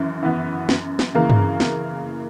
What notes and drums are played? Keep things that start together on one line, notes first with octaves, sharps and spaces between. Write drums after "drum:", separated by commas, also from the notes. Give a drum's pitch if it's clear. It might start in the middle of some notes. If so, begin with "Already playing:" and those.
Already playing: F#2 E3
E3 B3
F#2, drum: snare
drum: snare
C#3 E3 A#3
drum: tom G2
drum: snare